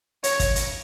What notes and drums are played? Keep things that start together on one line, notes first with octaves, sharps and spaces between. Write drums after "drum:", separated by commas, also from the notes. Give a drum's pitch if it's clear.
C#5, drum: hi-hat
drum: kick, hi-hat
drum: hi-hat